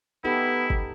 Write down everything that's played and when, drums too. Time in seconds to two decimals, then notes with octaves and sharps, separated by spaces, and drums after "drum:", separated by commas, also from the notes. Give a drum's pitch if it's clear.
0.24 B3 D#4 E4 G4 A4
0.70 drum: kick G1